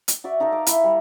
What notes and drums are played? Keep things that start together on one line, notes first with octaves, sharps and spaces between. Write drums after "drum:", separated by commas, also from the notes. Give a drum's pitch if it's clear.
drum: hi-hat
F#4 D5 E5
D#4 A4 A#4 F5
D6
E4, drum: hi-hat
G3